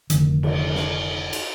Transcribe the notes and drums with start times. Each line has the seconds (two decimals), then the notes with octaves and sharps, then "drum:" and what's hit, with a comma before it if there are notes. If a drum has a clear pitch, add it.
0.10 F1 D3 D#3, drum: hi-hat
0.43 drum: cymbal
0.75 drum: snare
1.33 drum: cymbal